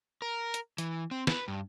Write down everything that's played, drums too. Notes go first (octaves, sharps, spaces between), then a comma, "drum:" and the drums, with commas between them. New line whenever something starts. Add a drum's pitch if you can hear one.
A#4
drum: hi-hat
E3, drum: hi-hat
C4
B4, drum: snare
G2